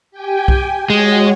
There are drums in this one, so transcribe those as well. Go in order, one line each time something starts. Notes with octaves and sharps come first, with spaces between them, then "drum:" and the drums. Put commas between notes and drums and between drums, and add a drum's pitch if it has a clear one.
G4 G5 G#5
drum: kick B1
G#3 F#4 C#5